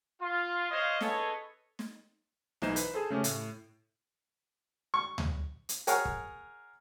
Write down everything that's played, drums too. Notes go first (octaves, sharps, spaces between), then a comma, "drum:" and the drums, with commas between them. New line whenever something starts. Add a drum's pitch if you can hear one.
F4
C5 C#5 D#5 F5
C#4 G#4 A4 B4 C#5 D#5, drum: snare
drum: snare
B1 E3 D#4 C5 E7, drum: snare
B4, drum: hi-hat
G#4 A4 C5
C#3 A3 C#4 G4
A2, drum: hi-hat
C#6
drum: tom D2
drum: hi-hat
G#4 A#4 C#5 F#5, drum: hi-hat
drum: kick